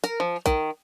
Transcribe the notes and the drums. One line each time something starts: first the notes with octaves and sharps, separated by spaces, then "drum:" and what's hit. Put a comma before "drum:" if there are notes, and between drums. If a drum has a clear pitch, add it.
A#4, drum: hi-hat
F3
D#3, drum: kick A#1, hi-hat